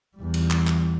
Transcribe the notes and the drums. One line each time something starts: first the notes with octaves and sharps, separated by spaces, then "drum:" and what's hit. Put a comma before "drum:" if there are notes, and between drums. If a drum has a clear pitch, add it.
E2 G3
drum: cymbal
drum: clap
drum: clap